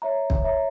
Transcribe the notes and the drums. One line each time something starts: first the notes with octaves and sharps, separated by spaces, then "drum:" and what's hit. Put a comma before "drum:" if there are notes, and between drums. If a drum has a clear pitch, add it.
C#5 E5 A#5
drum: kick
C#5 E5 A#5